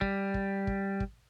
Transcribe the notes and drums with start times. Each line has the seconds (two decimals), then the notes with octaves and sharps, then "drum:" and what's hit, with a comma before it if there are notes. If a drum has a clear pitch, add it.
0.01 G3, drum: kick
0.34 drum: kick
0.67 drum: kick
1.00 drum: kick